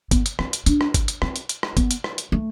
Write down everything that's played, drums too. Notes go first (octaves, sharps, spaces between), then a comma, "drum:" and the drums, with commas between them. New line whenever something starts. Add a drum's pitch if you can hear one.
B3, drum: kick, hi-hat
drum: hi-hat
C4, drum: rim click
drum: hi-hat
D4, drum: hi-hat
drum: rim click
drum: kick, hi-hat
drum: hi-hat
C4, drum: rim click
drum: hi-hat
drum: hi-hat
drum: rim click
B3, drum: kick, hi-hat
drum: hi-hat
drum: rim click
drum: hi-hat
A3